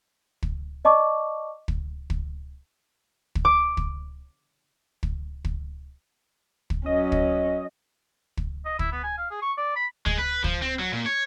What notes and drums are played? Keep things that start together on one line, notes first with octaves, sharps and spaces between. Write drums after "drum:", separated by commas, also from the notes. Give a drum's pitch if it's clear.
drum: kick
D5 D#5 A5 C#6 D6
drum: kick
drum: kick
drum: kick
D6
drum: kick
drum: kick
drum: kick
drum: kick
F#3 C#4 D#5
drum: kick
drum: kick
D#5
E4, drum: kick
B3
G#5
F5
G#4
C#6
D5
B5
G#3, drum: kick
B4
F3, drum: kick
C4
F#3
A#2
C#5